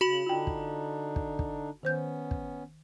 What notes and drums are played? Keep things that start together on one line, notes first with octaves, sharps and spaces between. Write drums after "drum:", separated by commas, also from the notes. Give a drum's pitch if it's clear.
C#3 F#4 B5 F#7
D3 D4 D#4 F4 G5
drum: kick
drum: kick
drum: kick
D#3 B3 C#4 C5 G6
drum: kick